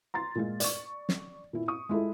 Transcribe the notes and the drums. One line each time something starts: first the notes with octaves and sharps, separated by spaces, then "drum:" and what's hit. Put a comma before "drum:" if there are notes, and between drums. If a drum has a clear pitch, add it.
A#5 C6 A6
A#2 G#3 F4
D5 C#6, drum: hi-hat
drum: snare
A#2 E4
C#6 D#6
G#3 E4 F4 A4